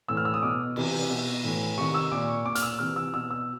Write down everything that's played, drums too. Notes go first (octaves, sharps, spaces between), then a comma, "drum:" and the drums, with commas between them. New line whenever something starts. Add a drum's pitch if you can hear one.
A2 E3 E6
F6
E6
D#6
B2 D6
C3 E3, drum: cymbal
B2
A2 E3
C3 D#3 C#6
E6
A#2 D6
C#6
A#2 D6
F6, drum: hi-hat
E6
C3 E3 F6
E6
B2 E6
E6